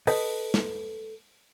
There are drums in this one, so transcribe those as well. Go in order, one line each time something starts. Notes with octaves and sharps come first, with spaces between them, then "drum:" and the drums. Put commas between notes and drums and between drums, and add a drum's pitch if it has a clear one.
A4 B4 D#5, drum: open hi-hat
drum: snare